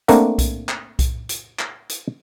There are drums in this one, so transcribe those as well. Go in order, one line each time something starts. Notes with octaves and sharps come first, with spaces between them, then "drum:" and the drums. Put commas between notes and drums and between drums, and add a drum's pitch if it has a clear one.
A3 A#3 C4 D4 A#4 F#5, drum: hi-hat
drum: kick B1, hi-hat
drum: clap
drum: kick B1, hi-hat
drum: hi-hat
drum: clap
drum: hi-hat